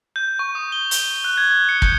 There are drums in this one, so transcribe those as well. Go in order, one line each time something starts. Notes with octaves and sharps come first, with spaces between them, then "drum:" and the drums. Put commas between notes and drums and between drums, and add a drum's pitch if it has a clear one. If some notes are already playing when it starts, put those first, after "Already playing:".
G6
C#6
D#6
G7
G7, drum: hi-hat
F#6
G#6
C#7
G6, drum: kick